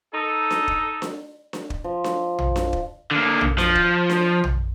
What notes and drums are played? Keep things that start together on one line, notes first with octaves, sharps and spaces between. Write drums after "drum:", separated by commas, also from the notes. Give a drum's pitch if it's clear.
D#4 A4
drum: snare D4
drum: kick
drum: snare D4
drum: snare D4
drum: kick
F3
drum: snare D4
drum: tom A#1
drum: snare D4
drum: kick
D3 A#3
drum: tom A#1
F3, drum: snare D4
drum: kick
drum: snare D4
drum: tom A#1